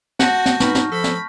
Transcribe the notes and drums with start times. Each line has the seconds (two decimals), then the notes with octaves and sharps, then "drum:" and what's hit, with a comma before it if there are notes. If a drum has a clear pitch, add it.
0.19 F#4 F#5 A5 G6 A#6, drum: snare
0.46 drum: snare
0.60 D#4 B4 C#6 F6, drum: snare
0.75 drum: snare
0.92 F3 A4 B5 B6
1.04 drum: snare